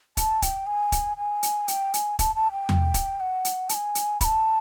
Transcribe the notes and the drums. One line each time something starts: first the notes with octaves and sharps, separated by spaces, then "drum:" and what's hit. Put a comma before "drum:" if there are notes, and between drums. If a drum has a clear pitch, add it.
A5, drum: kick, hi-hat
G5, drum: kick, hi-hat
G#5
drum: kick, hi-hat
G#5
drum: hi-hat
G5, drum: hi-hat
G#5, drum: hi-hat
A5, drum: kick, hi-hat
A5
G5
drum: tom E2
drum: kick, hi-hat
F#5
drum: hi-hat
A5, drum: hi-hat
G#5
drum: hi-hat
B5, drum: kick, hi-hat
A5